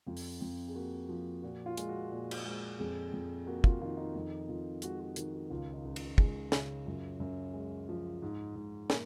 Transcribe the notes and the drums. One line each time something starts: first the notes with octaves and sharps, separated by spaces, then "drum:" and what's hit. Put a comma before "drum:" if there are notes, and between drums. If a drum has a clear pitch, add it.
F2 F4
drum: open hi-hat
F2
G#4
A#3 F#4
F3
A#2 F#4
F4
G#3, drum: hi-hat
F#4
A#2
drum: cymbal
G#3
F2 G#4
F2
A#3 F#4
F4, drum: kick
D#3 F4
D#4
F2 D#4
F2 F4
G#3 F#4, drum: hi-hat
F#4
D#3 F#4, drum: hi-hat
F#4
C#2 F4
D#4
C#2
F4, drum: cymbal
G#3 G#4, drum: kick
C#3, drum: snare
F#2 F4
F#2
G#3
F3
G#2
G#2
A#3, drum: snare